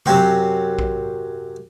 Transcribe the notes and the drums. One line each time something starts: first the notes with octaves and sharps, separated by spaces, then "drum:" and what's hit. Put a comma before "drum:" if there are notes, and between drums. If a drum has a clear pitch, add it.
F#2 C3 F#3 C4 C#6, drum: tom C3
drum: kick A#1